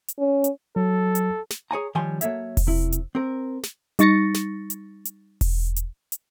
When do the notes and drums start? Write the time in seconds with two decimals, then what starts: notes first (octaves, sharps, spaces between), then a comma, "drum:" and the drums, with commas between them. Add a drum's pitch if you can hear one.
0.08 drum: hi-hat
0.19 C#4
0.44 drum: hi-hat
0.76 F#3 A4
1.15 drum: hi-hat
1.50 drum: snare
1.71 G#4 C#5 G#5 A#5
1.95 D#3 F3 G3 C#5 G#5 C6
2.21 F#3 A#3 A4 C#5 E5, drum: hi-hat
2.57 drum: kick E1, open hi-hat
2.67 C3 E4
2.92 drum: hi-hat
3.15 C4 A#4
3.63 drum: snare
3.99 G3 D#4 C#6 A6 A#6 C#7, drum: hi-hat
4.34 drum: snare
4.70 drum: hi-hat
5.05 drum: hi-hat
5.41 drum: kick E1, open hi-hat
5.76 drum: hi-hat
6.12 drum: hi-hat